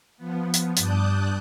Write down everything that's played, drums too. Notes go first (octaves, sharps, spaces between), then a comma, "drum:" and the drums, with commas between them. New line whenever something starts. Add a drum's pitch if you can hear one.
F3 B3
drum: hi-hat
G2 D5 A5 D#6 F#6 G6, drum: hi-hat